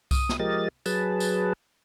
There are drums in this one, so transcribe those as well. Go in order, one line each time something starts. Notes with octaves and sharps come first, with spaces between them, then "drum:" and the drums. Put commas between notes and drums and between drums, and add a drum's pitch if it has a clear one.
D#6, drum: kick C2, tambourine
drum: snare
F3 G#3 G4 A#4 D#5 A6
F#3 G#4 B4 A5, drum: tambourine
drum: tambourine